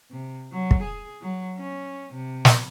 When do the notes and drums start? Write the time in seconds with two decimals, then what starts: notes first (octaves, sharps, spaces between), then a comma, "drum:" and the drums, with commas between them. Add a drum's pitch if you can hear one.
0.11 C3
0.52 F#3
0.71 drum: kick
0.81 G#4
1.22 F#3
1.58 C#4
2.13 C3
2.45 drum: snare